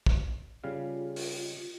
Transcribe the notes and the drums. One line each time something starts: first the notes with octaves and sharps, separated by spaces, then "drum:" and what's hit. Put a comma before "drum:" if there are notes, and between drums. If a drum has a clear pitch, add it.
drum: kick
C#3 G3 F4 F5
drum: open hi-hat